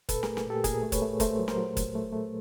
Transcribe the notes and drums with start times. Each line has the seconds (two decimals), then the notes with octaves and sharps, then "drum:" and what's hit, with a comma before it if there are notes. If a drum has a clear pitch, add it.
0.09 A#2 A4 B4, drum: kick, hi-hat
0.23 A3 G#4 A#4, drum: snare
0.37 drum: snare
0.47 A#2 G4 A4
0.64 A#2 G#4 A#4, drum: kick, hi-hat
0.83 A3
0.92 B4 C#5, drum: kick, hi-hat
1.02 A3
1.20 A3 A#4 C5, drum: kick, hi-hat
1.39 F#3
1.48 A#4 C5, drum: snare
1.57 F#3
1.77 A#2, drum: kick, hi-hat
1.95 A3
2.12 A3